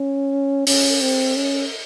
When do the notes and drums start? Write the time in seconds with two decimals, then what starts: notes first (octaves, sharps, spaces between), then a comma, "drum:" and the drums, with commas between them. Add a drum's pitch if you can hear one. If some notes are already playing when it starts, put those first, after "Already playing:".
Already playing: C#4
0.67 C#4, drum: open hi-hat
1.01 C4
1.36 C#4